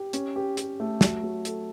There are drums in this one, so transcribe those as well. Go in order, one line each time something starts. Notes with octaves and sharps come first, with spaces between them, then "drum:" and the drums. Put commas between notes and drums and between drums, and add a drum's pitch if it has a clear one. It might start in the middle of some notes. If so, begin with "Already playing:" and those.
Already playing: G4
C#4, drum: hi-hat
G4
G4, drum: hi-hat
A3
F#3, drum: snare
F#3
A4, drum: hi-hat